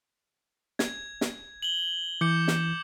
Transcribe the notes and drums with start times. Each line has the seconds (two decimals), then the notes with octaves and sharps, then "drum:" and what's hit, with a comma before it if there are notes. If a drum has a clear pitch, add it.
0.79 G#6, drum: snare
1.21 drum: snare
1.63 F#7 G7
2.21 E3 D6 G6 C#7
2.48 drum: snare